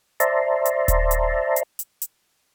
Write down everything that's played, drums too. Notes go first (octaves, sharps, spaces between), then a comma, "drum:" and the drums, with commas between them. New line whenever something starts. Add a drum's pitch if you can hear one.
C5 D5 E5 A5 A#5 C6, drum: hi-hat
drum: hi-hat
drum: kick D#1, hi-hat
drum: hi-hat
drum: hi-hat
drum: hi-hat
drum: hi-hat